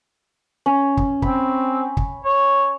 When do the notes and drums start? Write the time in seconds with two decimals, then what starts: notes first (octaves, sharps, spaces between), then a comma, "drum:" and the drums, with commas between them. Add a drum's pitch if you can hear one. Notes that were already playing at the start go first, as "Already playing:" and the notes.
0.66 C#4
0.97 drum: kick
1.22 C4 B5, drum: kick
1.97 drum: kick
2.25 C#5